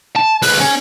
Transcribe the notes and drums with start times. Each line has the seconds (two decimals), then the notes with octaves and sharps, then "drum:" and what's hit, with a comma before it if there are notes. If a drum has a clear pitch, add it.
0.16 A5
0.42 C#2 B4, drum: open hi-hat
0.60 C#4